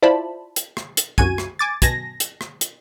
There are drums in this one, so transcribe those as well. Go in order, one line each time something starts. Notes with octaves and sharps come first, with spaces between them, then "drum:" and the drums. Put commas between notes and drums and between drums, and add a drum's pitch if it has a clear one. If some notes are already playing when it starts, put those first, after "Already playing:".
E4 F4 C5 D5 A5 B5
drum: hi-hat
drum: rim click
drum: hi-hat
C2 F#2 F#4 G#5 G#6 D#7, drum: kick
drum: rim click
G#5 D6 A6
B2 G#5 A5 A#6, drum: kick, hi-hat
drum: hi-hat
drum: rim click
drum: hi-hat